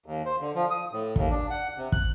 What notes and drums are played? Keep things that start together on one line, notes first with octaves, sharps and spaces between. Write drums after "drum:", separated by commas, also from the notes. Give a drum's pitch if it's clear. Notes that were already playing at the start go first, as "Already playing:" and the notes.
D#2
C5
D3
F3
D#6
A2
D#2, drum: kick
D4
F#5
C3
F#6, drum: kick